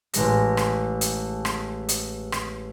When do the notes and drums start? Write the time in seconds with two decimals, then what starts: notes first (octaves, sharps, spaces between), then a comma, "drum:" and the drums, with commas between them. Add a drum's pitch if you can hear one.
0.14 A1 G#3 A#6, drum: hi-hat
0.57 drum: rim click
1.01 drum: hi-hat
1.45 drum: rim click
1.89 drum: hi-hat
2.32 drum: rim click